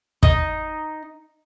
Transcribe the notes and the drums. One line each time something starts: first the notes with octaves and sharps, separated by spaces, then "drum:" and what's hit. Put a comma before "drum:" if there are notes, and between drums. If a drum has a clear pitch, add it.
D#4, drum: kick